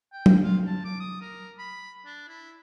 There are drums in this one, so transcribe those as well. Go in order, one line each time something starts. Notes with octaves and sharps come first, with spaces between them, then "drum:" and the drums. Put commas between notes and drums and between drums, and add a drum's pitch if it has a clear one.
G5
drum: tom F#3
F4
A5
D6
D#6
A#4
B5
D4
E4